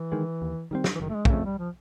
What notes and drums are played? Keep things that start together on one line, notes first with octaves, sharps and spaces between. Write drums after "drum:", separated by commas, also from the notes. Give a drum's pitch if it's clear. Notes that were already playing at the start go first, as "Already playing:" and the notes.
Already playing: E3
D#3 G#3
D#2
D#3 G3 C4
drum: snare
E3
F#1 D#3
A3
G#3
A#3, drum: kick
F2 C#3 A3
G3
F3